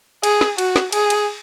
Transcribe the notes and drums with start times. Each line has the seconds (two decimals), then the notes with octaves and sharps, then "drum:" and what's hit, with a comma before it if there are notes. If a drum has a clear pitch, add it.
0.23 G#4, drum: cymbal
0.41 drum: snare
0.58 F#4, drum: cymbal
0.76 drum: snare
0.92 G#4, drum: cymbal
1.10 drum: cymbal